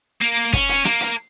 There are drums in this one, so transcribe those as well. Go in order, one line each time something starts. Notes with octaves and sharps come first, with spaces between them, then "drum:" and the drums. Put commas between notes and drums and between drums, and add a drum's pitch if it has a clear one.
A#3
C#4, drum: kick, hi-hat
drum: hi-hat
A#3, drum: rim click
drum: hi-hat